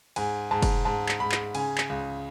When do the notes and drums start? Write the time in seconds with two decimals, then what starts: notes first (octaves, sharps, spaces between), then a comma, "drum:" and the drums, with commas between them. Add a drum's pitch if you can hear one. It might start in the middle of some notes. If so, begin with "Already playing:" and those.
0.16 G#2 G#5, drum: cymbal
0.51 G#2 A5
0.62 drum: kick, cymbal
0.85 G#2 A5
1.09 drum: clap
1.20 G#2 B5
1.32 drum: clap
1.55 C#3 G#5, drum: cymbal
1.78 drum: clap
1.89 C#2